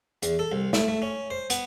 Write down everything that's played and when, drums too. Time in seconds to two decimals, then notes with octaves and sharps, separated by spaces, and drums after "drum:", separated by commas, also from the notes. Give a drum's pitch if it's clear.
0.23 E2, drum: hi-hat
0.39 A4
0.52 C2
0.73 A3, drum: snare
0.88 A3
1.02 C#4
1.30 C5
1.50 B3, drum: hi-hat